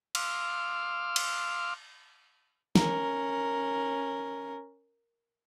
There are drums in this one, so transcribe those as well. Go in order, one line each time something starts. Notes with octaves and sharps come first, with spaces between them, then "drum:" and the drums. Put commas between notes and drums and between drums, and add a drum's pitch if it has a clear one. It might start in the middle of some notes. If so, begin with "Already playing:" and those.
F5 C6 D6 E6 F6, drum: cymbal
drum: cymbal
C#4 A#4, drum: snare